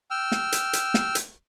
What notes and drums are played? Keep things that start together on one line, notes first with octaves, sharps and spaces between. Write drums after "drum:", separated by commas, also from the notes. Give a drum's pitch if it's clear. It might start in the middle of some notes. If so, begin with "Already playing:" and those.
G5 E6 F6
drum: snare
drum: hi-hat
drum: hi-hat
drum: snare
drum: hi-hat